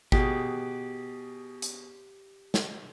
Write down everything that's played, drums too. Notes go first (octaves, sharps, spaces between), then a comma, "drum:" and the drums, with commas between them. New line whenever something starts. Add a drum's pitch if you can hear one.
B2 G4 G#4, drum: kick G#1
drum: hi-hat
drum: snare